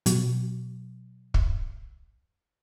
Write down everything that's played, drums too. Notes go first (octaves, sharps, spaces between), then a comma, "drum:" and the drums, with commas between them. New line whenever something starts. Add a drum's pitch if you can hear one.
B2 F#3, drum: hi-hat
drum: kick